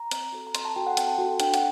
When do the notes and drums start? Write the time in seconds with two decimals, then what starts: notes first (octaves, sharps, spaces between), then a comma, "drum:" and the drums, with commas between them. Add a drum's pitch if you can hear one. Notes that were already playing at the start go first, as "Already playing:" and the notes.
Already playing: A#5
0.11 C4, drum: hi-hat
0.32 F#4 A4
0.47 A#5
0.55 C4 C6, drum: hi-hat
0.65 A5
0.76 F#4 A4 G5
0.87 F#5
0.97 C4 G5, drum: hi-hat
1.07 A5
1.18 F#4 A4
1.40 D4 G5, drum: hi-hat
1.54 F#5, drum: hi-hat